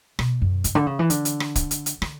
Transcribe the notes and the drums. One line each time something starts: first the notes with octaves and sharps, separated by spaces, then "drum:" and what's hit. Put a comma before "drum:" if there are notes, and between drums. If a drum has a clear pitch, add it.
B2, drum: rim click
F#2
G2, drum: hi-hat
D3
C#3
E3
D3, drum: hi-hat
drum: hi-hat
drum: rim click
drum: kick, hi-hat
drum: hi-hat
drum: hi-hat
D3, drum: rim click